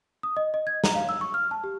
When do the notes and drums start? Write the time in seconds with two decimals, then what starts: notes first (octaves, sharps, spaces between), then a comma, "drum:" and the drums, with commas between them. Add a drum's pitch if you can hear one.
0.23 D#6
0.37 D#5
0.54 D#5
0.67 G#6
0.84 A#5, drum: snare
0.95 F5
1.09 E6
1.21 C#6
1.34 F6
1.51 A5
1.64 G4